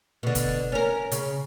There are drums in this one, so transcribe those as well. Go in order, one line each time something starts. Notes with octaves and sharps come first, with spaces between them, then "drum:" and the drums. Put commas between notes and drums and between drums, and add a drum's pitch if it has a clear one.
B2 D3
drum: kick, hi-hat
C#4 A#4
C#3, drum: hi-hat